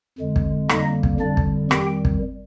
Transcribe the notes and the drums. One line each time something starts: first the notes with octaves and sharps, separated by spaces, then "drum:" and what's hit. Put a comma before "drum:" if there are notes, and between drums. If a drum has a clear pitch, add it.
F2 D3 G#3
drum: kick
F2 D3 G3 A#3 D#4 D#5, drum: rim click
drum: kick
F2 D3 G3 D4 D5
drum: kick
F2 D#3 G3 G4 G5, drum: rim click
drum: kick